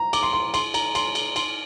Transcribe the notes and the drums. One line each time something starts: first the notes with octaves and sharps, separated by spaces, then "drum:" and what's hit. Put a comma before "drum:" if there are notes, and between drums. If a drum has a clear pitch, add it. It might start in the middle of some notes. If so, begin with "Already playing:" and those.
Already playing: A#5
D6, drum: cymbal
C6
C6
C6, drum: cymbal
A#5, drum: cymbal
C6, drum: cymbal
drum: cymbal
C6, drum: cymbal